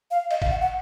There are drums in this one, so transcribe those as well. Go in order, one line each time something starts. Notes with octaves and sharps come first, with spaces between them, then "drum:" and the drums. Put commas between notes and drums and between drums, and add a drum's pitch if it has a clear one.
F5
D#5, drum: cymbal
F5, drum: kick G#1, cymbal
F#5
F#5